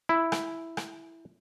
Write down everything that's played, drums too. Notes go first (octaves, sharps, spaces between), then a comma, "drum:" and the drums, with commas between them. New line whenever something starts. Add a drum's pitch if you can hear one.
E4
drum: rim click
drum: rim click